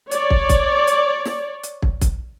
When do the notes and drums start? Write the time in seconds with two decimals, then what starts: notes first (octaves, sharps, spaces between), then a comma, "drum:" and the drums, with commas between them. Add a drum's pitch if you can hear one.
0.11 C#5 D5, drum: hi-hat
0.30 drum: kick
0.49 drum: kick, hi-hat
0.87 drum: hi-hat
1.25 drum: snare
1.63 drum: hi-hat
1.82 drum: kick
2.01 drum: kick, hi-hat